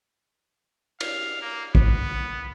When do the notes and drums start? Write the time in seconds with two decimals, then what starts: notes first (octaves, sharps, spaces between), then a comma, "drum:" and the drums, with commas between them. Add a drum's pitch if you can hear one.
1.00 F5, drum: cymbal
1.41 A#3
1.75 C2 B3, drum: kick